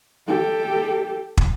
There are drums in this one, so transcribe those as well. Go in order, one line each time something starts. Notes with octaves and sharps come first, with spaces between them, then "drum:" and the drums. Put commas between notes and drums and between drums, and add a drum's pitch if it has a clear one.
G4 A4
drum: kick